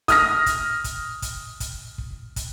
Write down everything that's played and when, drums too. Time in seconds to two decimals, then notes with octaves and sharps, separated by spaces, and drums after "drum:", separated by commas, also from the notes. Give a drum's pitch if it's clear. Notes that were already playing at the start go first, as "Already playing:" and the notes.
0.08 D#6 F6 A#6, drum: kick, hi-hat
0.46 drum: kick, hi-hat
0.84 drum: kick, hi-hat
1.22 drum: kick, hi-hat
1.60 drum: kick, hi-hat
1.98 drum: kick
2.36 drum: kick, hi-hat